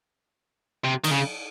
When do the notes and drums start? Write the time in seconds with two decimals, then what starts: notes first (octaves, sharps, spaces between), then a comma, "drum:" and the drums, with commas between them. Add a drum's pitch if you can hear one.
0.84 C3
1.04 D#3, drum: cymbal
1.10 C#3